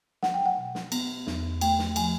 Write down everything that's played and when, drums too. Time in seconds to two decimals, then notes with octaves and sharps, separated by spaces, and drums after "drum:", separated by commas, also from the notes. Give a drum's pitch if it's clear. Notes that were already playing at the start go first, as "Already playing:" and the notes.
0.23 F#3 F#5, drum: snare
0.34 G5
0.46 F#5
0.58 B2
0.75 drum: snare
0.92 B3, drum: cymbal
1.27 E2, drum: snare
1.61 A3 G5, drum: cymbal
1.79 drum: snare
1.96 F3 G#5, drum: cymbal